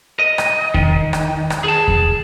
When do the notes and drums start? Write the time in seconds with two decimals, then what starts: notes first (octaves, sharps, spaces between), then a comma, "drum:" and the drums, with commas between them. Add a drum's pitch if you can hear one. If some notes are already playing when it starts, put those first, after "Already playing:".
0.19 D#5
0.38 drum: rim click
0.74 D#3, drum: kick E2
1.13 drum: rim click
1.50 drum: rim click
1.64 G#4 A5
1.88 drum: kick E2